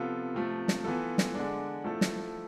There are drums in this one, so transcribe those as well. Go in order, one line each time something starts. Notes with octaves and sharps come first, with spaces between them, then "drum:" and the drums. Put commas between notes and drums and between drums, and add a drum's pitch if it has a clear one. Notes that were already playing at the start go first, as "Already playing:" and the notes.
Already playing: C3 F3 B3 F4 A4
C3 F3 A3
drum: snare
E3 B3 F4 A4
drum: snare
D3 G#3 D4
F3 A3 E4 A4
drum: snare